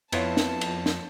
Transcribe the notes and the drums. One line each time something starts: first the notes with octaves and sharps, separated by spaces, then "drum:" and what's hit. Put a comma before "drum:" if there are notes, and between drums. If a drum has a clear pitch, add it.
F2 B3 E4 F4 B4 C#5 A5, drum: cymbal
drum: snare
drum: cymbal
drum: snare